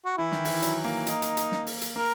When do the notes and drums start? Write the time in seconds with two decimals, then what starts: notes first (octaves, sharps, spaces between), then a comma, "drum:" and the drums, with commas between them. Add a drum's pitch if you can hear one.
0.05 F#4
0.17 E3 E4
0.32 D#3, drum: snare
0.45 E3, drum: open hi-hat
0.62 F#3, drum: hi-hat
0.85 A#3
1.07 D#4, drum: hi-hat
1.22 drum: hi-hat
1.37 drum: hi-hat
1.52 drum: snare
1.67 drum: open hi-hat
1.81 drum: hi-hat
1.96 A#3 A#4